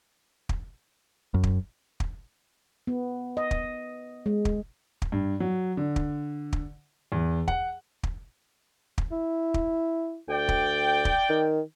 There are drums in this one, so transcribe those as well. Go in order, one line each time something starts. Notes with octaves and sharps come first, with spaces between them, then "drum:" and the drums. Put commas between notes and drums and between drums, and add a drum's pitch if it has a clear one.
drum: kick
F#2
drum: kick
drum: kick
B3
D#5
drum: kick
G#3
drum: kick
drum: kick
G2
F#3
D3
drum: kick
drum: kick
E2
F#5, drum: kick
drum: kick
drum: kick
E4
drum: kick
D2 D5 G5
drum: kick
drum: kick
D#3